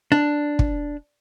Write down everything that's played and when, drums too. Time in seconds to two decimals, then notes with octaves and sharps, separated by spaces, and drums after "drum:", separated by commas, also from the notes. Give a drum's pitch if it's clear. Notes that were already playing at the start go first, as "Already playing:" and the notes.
0.12 D4
0.59 drum: kick